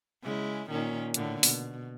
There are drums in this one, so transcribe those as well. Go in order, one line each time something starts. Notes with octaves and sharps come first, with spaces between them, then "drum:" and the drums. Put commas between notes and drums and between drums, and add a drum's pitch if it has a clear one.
C#3 G#3 E4
A#2 D#3 C#4
A2 D3 A#3, drum: hi-hat
B2, drum: open hi-hat